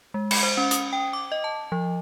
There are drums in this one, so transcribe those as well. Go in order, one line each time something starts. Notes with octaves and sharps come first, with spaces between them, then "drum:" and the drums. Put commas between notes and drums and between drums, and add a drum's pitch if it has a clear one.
G#3
B5, drum: cymbal
C5
C#4
D#6, drum: hi-hat
G5
D6
D#5
A5
F3